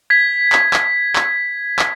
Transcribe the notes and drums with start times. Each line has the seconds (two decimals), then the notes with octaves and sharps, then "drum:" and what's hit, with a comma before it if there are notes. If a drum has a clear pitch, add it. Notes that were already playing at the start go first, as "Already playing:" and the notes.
0.10 G#6 B6
0.52 drum: clap
0.73 drum: clap
1.16 drum: clap
1.79 drum: clap